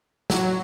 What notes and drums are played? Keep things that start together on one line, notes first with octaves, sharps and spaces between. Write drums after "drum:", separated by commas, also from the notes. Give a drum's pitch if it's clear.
F#3, drum: snare